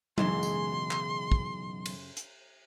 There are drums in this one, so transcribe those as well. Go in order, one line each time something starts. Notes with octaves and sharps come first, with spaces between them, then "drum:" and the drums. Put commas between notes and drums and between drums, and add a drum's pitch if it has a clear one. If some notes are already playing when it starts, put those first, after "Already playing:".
B1 F#2 C#3 E3 G#3 C6, drum: tom F#3
drum: tambourine
drum: clap
drum: kick
drum: cymbal
drum: hi-hat